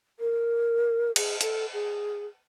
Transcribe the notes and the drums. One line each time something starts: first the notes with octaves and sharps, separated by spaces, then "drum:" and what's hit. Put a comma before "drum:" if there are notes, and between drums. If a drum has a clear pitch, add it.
A#4
G#4, drum: cymbal
A4, drum: hi-hat
G#4